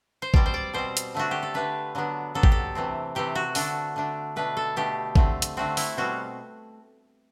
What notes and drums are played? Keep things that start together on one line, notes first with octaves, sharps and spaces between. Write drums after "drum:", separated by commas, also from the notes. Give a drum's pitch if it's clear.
C5
B2 G3 C4 D5, drum: kick G#1
C5
D5
B2 G3 C4 C5
drum: hi-hat
D3 A3 D4 F#4
G4
A4
D3 A3 D4 B4
D3 F#3 B3 D4
D3 F#3 B3 D4 A4
G4, drum: kick G#1
A4
C3 E3 A3 C4
C3 E3 A3 C4 G4
F#4
D3 A3 D4 A4, drum: open hi-hat
D3 A3 D4
B2 A3 D4 B4
A4
B2 A3 D4 G4
D3 A3 C4, drum: kick G#1
drum: hi-hat
D3 A3 C4 F#4
E4, drum: open hi-hat
B2 G3 C4 F#4